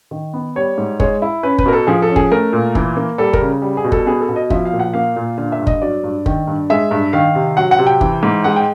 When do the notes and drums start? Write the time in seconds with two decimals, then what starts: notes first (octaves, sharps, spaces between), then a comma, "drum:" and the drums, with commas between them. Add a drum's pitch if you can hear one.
0.11 D#3
0.33 B3
0.56 G3 C#5
0.78 G#2
1.00 G#3 C#5, drum: kick
1.22 E4
1.43 C#4 B4
1.58 B4, drum: kick
1.66 B2 A#4
1.73 A4
1.87 F3 G#4
2.02 A4
2.10 C#4
2.16 G#4, drum: kick
2.32 A3 A#4
2.53 A#2
2.75 E3, drum: kick
2.97 A#3
3.18 G3 A4
3.33 A#4, drum: kick
3.41 C#3
3.62 G3
3.77 G#4
3.84 B2
3.92 A4, drum: kick
4.06 B3 G#4
4.21 A4
4.29 B2
4.36 D#5
4.50 F3 E5, drum: kick
4.65 F5
4.72 A#2
4.79 F#5
4.94 A#3 F5
5.16 A#2
5.38 D3 F5
5.52 E5
5.60 G2
5.67 D#5, drum: kick
5.82 F#3 D5
6.04 G2
6.26 D#3, drum: kick
6.47 G2
6.70 G#3 E5
6.91 G2
7.13 D#3 F5
7.35 C3
7.57 F#3 F#5
7.71 F#5
7.79 C3
7.87 G5
8.01 E3, drum: kick
8.23 G#2
8.44 G#3 F#5
8.56 G5